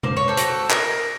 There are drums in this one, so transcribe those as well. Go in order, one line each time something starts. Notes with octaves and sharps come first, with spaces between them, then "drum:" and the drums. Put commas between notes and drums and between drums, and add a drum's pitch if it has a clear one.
A#3 C5, drum: tom B2
C#5
A4 C5
F#4, drum: hi-hat
A#3 A#4, drum: clap